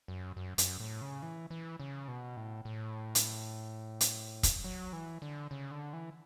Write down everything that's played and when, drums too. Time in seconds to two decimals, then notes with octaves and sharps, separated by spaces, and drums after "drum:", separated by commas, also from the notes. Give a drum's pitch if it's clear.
0.08 F#2
0.37 F#2
0.58 F#2, drum: hi-hat
0.80 A2
1.02 C#3
1.22 E3
1.50 E3
1.80 C#3
2.08 B2
2.37 A2
2.65 A2
3.15 drum: hi-hat
4.01 drum: hi-hat
4.43 drum: kick, hi-hat
4.64 F#3
4.93 E3
5.22 D3
5.51 C#3
5.71 D3
5.93 E3